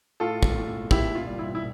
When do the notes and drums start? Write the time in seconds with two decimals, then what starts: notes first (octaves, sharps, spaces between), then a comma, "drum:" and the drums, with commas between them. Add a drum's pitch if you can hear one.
0.20 A2 F4 A4
0.43 drum: kick
0.56 A2
0.91 A#3 E4 G4, drum: kick
1.15 F4
1.27 G3
1.39 E4
1.55 E4